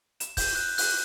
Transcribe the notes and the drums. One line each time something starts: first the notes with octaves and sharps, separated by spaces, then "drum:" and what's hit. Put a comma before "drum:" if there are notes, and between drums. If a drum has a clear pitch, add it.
E7, drum: hi-hat
G6, drum: kick, open hi-hat
F#6
F#6, drum: open hi-hat